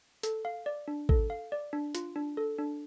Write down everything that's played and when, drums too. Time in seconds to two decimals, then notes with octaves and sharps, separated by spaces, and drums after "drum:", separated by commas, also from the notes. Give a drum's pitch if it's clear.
0.23 A4, drum: hi-hat
0.45 F5
0.66 D5
0.88 D4
1.09 A4, drum: kick A1
1.30 F5
1.52 D5
1.73 D4
1.95 F4, drum: hi-hat
2.16 D4
2.37 A4
2.59 D4